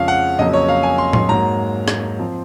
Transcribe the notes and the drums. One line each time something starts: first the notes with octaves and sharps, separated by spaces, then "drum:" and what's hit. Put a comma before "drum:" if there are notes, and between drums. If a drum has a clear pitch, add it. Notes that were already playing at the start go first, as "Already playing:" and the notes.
Already playing: F2 C#3 F3 G#3 C#5 F5
F#5
F2 C#3 F#3 A#3 D#5
C#5
F5
G#5
C6
C6, drum: tom
G#2 F#3 A#3 A#5
drum: rim click
F3 C4